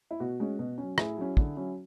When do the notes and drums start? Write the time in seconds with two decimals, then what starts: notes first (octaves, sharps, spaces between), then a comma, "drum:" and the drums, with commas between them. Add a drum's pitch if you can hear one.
0.11 E4
0.20 B2 F#4
0.40 G#3 C#4
0.59 B2
0.78 F#3 C#4
0.98 A2 E4 G#4, drum: rim click
1.17 F#3 C#4
1.37 D3, drum: kick
1.57 F#3 C#4